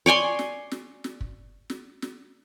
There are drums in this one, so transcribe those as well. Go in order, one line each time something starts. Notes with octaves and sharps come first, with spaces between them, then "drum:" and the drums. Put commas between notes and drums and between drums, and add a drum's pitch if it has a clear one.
C#5 D5 G#5 C6
drum: snare
drum: snare
drum: snare
drum: kick
drum: snare
drum: snare